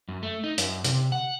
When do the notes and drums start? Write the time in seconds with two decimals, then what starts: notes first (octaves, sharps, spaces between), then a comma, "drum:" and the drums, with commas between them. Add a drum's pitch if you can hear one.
0.08 F#2
0.23 A3
0.44 D#4
0.58 F#2, drum: hi-hat
0.84 C3, drum: hi-hat
1.12 F#5